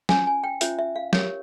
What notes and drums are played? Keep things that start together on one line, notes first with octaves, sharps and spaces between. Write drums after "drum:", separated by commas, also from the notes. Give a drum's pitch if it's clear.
C#4 F4 C5 G#5, drum: snare F#3
G#5
G5
C#4 F4 C5 E5, drum: hi-hat
E5
F5
G4 A#4 C#5, drum: snare F#3